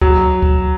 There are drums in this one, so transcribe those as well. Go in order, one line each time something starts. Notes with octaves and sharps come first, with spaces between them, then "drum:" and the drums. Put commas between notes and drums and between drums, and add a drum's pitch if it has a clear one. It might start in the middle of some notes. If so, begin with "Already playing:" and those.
F#3, drum: kick D2
drum: kick D2